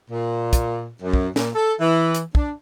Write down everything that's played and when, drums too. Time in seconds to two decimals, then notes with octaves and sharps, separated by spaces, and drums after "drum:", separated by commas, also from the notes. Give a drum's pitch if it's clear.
0.10 A#2
0.53 drum: kick, hi-hat
1.02 F#2
1.13 drum: kick
1.36 A#2, drum: snare
1.55 A4
1.80 E3
2.15 drum: hi-hat
2.35 D4, drum: kick